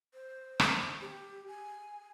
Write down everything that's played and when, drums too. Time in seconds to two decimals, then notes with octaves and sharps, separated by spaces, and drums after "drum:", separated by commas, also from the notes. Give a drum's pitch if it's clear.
0.13 C5
0.60 drum: rim click
1.01 G4
1.48 G#5